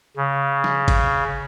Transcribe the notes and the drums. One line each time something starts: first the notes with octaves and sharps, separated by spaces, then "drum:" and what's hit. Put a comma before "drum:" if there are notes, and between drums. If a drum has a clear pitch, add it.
C#3
drum: snare
drum: kick G1, cymbal